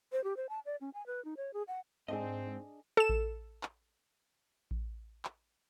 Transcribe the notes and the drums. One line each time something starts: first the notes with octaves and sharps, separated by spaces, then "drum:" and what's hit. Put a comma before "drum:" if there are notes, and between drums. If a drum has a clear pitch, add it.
C5
G4
C5
A5
D5
C#4
G#5
B4
D#4
C#5
G#4
F#5
G#2 C4 D4 G#4 D#5
A4 E7
drum: kick A1
drum: clap
drum: kick A1
drum: clap